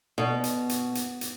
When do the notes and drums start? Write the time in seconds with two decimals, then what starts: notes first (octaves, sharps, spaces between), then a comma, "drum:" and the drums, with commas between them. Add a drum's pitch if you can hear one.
0.18 B2
0.44 drum: hi-hat
0.69 drum: hi-hat
0.95 drum: hi-hat
1.21 drum: hi-hat